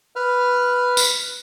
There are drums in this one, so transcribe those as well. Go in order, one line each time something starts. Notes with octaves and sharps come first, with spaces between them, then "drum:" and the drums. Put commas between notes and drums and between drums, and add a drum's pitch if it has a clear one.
B4 F6
drum: tambourine